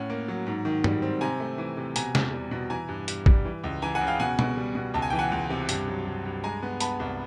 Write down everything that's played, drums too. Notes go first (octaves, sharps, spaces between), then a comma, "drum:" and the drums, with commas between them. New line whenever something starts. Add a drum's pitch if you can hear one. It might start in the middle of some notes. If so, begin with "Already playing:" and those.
Already playing: A2 C#4 F#5
A#3
F#3
G#2
D#3
G3, drum: tom
C4
C3 G#5 A#5
A3
E3
C3
B2 G#5 A#5, drum: hi-hat
E2, drum: snare
G3
B2
E3 G#5 A#5
G2
G2, drum: hi-hat
G3, drum: kick
E3
C#2
E3 G#5 A#5
F#5 G#5
C#3
F5 G5
B2 F#5 G#5
B2, drum: tom B2
G3
B2
C#2 A5
G#5
E3 G5
F#5 G#5
C#2
C3
G2, drum: hi-hat
F#3
G2
G2
G#3 G#5 A#5
B3
B3 A5 B5, drum: hi-hat
C2